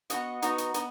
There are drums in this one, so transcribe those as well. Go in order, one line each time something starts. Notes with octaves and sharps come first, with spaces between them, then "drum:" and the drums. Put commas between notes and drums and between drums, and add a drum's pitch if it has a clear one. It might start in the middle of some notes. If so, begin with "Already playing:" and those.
B3 D#4 F#4 D#5 F#5, drum: hi-hat
B3 D#4 F#4, drum: hi-hat
drum: hi-hat
B3 D#4, drum: hi-hat